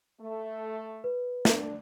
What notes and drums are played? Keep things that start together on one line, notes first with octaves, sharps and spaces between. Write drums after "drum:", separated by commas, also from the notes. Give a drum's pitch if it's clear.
A3
B4
D4, drum: snare